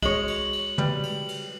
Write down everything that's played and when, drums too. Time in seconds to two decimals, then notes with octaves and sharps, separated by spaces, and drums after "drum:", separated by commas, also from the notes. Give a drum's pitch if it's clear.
0.02 G#3 F#4 C#5 F#7, drum: kick C2, cymbal
0.27 drum: cymbal
0.53 drum: cymbal
0.78 G3 B4, drum: tom
1.03 drum: cymbal
1.28 drum: cymbal